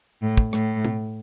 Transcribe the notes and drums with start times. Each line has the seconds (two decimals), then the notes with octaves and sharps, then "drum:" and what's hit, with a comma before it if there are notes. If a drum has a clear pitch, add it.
0.22 A2
0.37 drum: kick
0.53 A2, drum: rim click
0.85 drum: tom